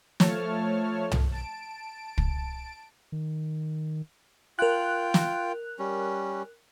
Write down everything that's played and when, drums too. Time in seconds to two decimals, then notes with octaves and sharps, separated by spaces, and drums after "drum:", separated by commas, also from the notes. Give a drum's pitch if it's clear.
0.20 F3 A3 C#5 A5 F6, drum: snare
1.12 drum: tom
1.31 A5 D7
2.18 drum: kick
3.12 D#3
4.59 F4 A#4 G5 F#6
5.14 drum: snare
5.79 G3 C#4